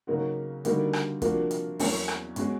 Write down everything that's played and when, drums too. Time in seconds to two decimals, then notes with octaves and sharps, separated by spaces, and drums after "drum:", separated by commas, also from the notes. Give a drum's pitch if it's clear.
0.07 C#3 F#3 A#3 D#4 F#4
0.65 D3 G3 A#3 D#4 F#4, drum: hi-hat
0.93 drum: rim click
1.22 C3 F3 A#3 D4 F#4, drum: kick, hi-hat
1.51 drum: hi-hat
1.79 E2 B2 F#3 A#3 C#4, drum: open hi-hat
2.08 drum: rim click
2.36 B2 G#3 C#4 F#4, drum: hi-hat